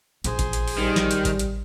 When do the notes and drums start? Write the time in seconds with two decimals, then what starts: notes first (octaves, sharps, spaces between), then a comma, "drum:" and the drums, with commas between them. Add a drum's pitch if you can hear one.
0.24 A#1 G#4 C5, drum: hi-hat
0.39 drum: kick A1, hi-hat
0.53 drum: hi-hat
0.68 drum: open hi-hat
0.78 D#3 G3
0.96 drum: snare
1.11 drum: hi-hat
1.25 drum: kick A1, hi-hat
1.39 drum: hi-hat